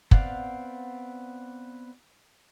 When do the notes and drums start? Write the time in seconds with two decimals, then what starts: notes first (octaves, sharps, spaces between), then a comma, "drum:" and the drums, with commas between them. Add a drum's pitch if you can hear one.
0.11 B3 C4 D5 F5 F#5, drum: kick